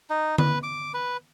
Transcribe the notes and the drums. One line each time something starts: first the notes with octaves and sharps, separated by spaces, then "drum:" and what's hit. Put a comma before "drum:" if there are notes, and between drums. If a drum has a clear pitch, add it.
D#4
B4, drum: tom D3
D6
B4